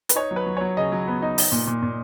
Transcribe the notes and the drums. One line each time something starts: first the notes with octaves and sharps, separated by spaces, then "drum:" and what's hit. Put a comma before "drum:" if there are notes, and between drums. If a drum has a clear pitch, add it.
B4, drum: hi-hat
D#4 C#5
F#3
B4
F#3
F#3 C#5
C#3 D#5
F#3
B3
D#4
D#4, drum: open hi-hat
A#2
A#2
A#2